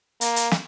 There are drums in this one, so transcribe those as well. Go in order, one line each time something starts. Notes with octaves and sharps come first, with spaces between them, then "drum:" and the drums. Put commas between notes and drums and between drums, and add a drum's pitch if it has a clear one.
A#3, drum: hi-hat
drum: hi-hat
drum: snare